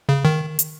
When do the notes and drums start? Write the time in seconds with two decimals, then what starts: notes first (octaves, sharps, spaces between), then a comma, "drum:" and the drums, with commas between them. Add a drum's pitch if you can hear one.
0.09 C#3
0.25 D#3
0.59 drum: hi-hat